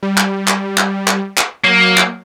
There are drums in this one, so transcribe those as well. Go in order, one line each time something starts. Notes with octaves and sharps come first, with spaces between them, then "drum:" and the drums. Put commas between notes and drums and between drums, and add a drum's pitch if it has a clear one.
G3
drum: clap
drum: clap
drum: clap
drum: clap
drum: clap
F#3 A#3
drum: clap